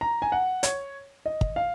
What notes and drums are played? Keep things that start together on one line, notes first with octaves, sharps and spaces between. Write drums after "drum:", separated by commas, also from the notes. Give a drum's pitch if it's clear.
A#5
G#5
F#5
C#5, drum: hi-hat
D#5
drum: kick
F5